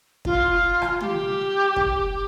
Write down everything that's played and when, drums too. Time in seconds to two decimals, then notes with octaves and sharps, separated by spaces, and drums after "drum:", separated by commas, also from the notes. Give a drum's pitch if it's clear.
0.25 F4, drum: kick
0.82 drum: rim click
1.01 G4, drum: tom
1.76 drum: kick